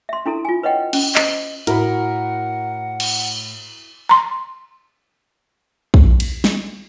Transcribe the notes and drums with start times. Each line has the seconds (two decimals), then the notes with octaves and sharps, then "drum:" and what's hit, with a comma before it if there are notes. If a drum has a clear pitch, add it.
0.09 E5 C6
0.26 D4 E4 A4 A#5
0.45 F4 G#5
0.63 B4 C#5 D#5 F#5 G5
0.93 C#4, drum: cymbal
1.15 C5 D#5, drum: clap
1.67 A2 E4 F#4 A#4 F#5 B5, drum: hi-hat
3.00 drum: cymbal
4.09 A#5 C6
5.94 drum: kick A#1
6.20 drum: cymbal
6.44 drum: snare